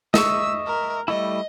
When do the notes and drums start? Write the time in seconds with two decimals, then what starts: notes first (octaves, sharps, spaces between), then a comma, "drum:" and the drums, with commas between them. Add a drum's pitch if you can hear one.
0.14 D#5 E5 C#6 E6, drum: snare
0.66 A#4
1.08 G3 A3 E4 D#5